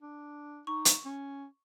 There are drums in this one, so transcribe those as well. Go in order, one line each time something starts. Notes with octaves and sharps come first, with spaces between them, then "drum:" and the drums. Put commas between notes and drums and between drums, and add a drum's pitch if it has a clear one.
D4
D#4 C#6
drum: hi-hat
C#4